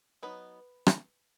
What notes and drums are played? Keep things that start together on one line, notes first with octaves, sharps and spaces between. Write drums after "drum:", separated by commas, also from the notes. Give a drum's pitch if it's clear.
F#3 B3 D#4 B4
drum: rim click